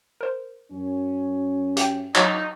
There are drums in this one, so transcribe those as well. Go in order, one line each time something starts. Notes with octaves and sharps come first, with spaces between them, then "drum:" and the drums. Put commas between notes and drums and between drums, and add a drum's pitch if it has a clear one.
A#4 C5
F#2 C#4
G4 G5, drum: hi-hat
F#3 D#4 C#5 A#6, drum: clap